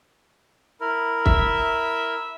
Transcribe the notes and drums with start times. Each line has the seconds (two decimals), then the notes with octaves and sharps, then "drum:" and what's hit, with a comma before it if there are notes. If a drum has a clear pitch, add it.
0.81 E4 A#4
1.26 E5, drum: kick